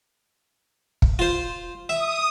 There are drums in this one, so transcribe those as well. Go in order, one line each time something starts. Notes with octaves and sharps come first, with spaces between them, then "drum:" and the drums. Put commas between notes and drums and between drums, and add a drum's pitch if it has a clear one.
drum: kick
F4 C5
E5 D#6